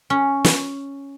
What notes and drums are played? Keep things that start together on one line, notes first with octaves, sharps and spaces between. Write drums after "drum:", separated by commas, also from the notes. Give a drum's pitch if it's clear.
C#4
drum: snare